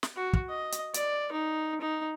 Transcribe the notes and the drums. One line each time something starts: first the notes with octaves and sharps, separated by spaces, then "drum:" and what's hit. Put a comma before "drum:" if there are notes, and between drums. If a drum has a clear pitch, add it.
drum: snare
F#4
drum: kick
D#5
drum: hi-hat
D5, drum: hi-hat
D#4
D#4